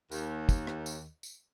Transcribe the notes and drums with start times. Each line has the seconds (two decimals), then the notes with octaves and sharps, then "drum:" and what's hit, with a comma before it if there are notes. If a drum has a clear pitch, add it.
0.12 D#2, drum: tambourine
0.49 drum: kick, tambourine
0.67 drum: rim click
0.86 drum: tambourine
1.23 drum: tambourine